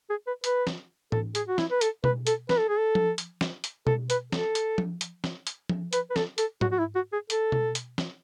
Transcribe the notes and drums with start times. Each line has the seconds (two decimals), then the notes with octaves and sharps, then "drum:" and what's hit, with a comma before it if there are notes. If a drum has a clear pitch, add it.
0.10 G#4
0.27 B4
0.44 B4, drum: hi-hat
0.67 drum: snare
1.12 A4, drum: tom A2
1.35 G#4, drum: hi-hat
1.48 F#4
1.58 E4, drum: snare
1.70 B4
1.81 A4, drum: hi-hat
2.04 B4, drum: tom B2
2.27 A4, drum: hi-hat
2.49 B4, drum: snare
2.58 A4
2.68 G#4
2.78 A4
2.95 drum: tom F3
3.18 drum: hi-hat
3.41 drum: snare
3.64 drum: hi-hat
3.87 A4, drum: tom B2
4.10 B4, drum: hi-hat
4.32 A4, drum: snare
4.55 drum: hi-hat
4.78 drum: tom F3
5.01 drum: hi-hat
5.24 drum: snare
5.47 drum: hi-hat
5.69 drum: tom F3
5.93 B4, drum: hi-hat
6.10 B4
6.16 A4, drum: snare
6.38 A4, drum: hi-hat
6.61 F#4, drum: tom G#2
6.72 F#4
6.79 E4
6.95 F#4
7.12 G#4
7.30 A4, drum: hi-hat
7.52 drum: tom B2
7.75 drum: hi-hat
7.98 drum: snare